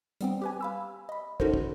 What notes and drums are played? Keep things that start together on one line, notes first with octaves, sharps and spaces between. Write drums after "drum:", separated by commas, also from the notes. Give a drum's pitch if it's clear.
G3 B3 C4, drum: hi-hat
G4 B4 G#5
F5 B5 E6
D#5 B5
C#4 D#4 F#4 A4 A#4 C5, drum: kick
drum: kick